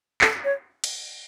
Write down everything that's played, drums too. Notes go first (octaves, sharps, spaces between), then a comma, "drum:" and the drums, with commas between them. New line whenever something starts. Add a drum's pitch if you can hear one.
A4, drum: clap
C#5
drum: cymbal